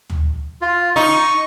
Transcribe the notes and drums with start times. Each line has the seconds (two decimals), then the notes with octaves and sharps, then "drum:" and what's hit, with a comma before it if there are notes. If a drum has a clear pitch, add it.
0.10 drum: tom D2
0.62 F4
0.96 D#4 C#6